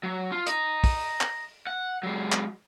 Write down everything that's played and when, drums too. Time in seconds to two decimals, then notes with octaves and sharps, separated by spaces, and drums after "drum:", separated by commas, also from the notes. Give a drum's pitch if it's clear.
0.03 F#3
0.32 F4
0.47 D#5 A#5, drum: hi-hat
0.84 drum: kick, open hi-hat
1.21 drum: clap
1.67 F#5
2.03 F#3 G#3
2.32 drum: clap